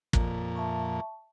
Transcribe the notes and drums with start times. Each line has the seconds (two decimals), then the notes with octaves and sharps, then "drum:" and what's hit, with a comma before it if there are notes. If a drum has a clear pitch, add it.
0.13 F2 A#2, drum: kick
0.55 E5 A5 C#6